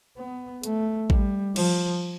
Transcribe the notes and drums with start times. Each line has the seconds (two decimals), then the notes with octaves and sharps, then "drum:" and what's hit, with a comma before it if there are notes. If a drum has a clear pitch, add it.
0.18 B3
0.63 A3, drum: hi-hat
1.10 G3, drum: kick A1
1.56 F3, drum: cymbal